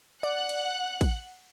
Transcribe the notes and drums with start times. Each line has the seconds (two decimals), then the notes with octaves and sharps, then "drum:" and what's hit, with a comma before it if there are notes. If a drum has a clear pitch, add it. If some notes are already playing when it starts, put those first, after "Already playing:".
0.23 D5 F#5 F#6
0.49 drum: cymbal
1.01 drum: kick, cymbal